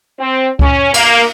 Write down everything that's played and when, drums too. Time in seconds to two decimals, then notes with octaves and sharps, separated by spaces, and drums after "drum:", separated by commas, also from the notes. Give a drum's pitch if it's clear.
0.19 C4
0.59 C#4, drum: kick C#2
0.94 A#3, drum: cymbal